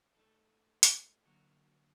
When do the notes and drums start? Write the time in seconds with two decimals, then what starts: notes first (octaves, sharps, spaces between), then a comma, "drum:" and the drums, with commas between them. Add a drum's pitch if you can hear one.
0.15 A3 D#4 A4
0.83 drum: hi-hat
1.25 D3 F#3 A#3 F#4 A#4